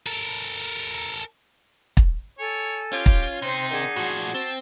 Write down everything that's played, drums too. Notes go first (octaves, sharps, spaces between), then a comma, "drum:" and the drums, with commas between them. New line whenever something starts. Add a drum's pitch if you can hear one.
A4 A#4
drum: kick
A4 C#5 G#5
C#4 F4 G4
drum: kick
C3 D#4 C5
D#3 D4 G#4 F#5
A2 F3 F#4
C4 A5